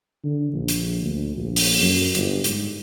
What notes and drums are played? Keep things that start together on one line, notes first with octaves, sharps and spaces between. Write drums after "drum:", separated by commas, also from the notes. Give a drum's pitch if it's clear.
D3
A#1
drum: hi-hat
D2
A#1
drum: open hi-hat
F#2
G1, drum: hi-hat
G#2, drum: hi-hat